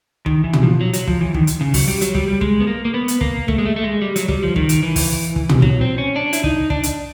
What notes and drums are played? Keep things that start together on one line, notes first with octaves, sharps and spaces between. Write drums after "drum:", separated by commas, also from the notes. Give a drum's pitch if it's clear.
D#3, drum: kick
E3
drum: tom
F3
F#3
F#3, drum: hi-hat
F3, drum: kick
E3
D#3, drum: kick
drum: hi-hat
C#3
F#3, drum: kick, open hi-hat
G3
F#3, drum: hi-hat
G3, drum: kick
G3
G#3, drum: kick
B3
A#3
A#3
B3
drum: hi-hat
A#3, drum: kick
A3, drum: kick
G#3
A3
A3
G#3
G3
F#3, drum: hi-hat
G3, drum: kick
F3
D#3, drum: kick
drum: hi-hat
E3
drum: kick, open hi-hat
drum: kick
drum: tom
F#3, drum: kick
C4
C#4
D4
E4, drum: hi-hat
D#4, drum: kick
D4, drum: kick
drum: hi-hat